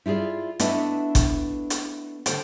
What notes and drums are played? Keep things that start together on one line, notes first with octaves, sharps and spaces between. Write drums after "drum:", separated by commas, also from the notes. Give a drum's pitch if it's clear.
E4 F4 G4 G#4 D5
A3 B3 D4 E4 B4 D#5, drum: hi-hat
drum: kick G1, hi-hat
drum: hi-hat
D3 C5 G5, drum: hi-hat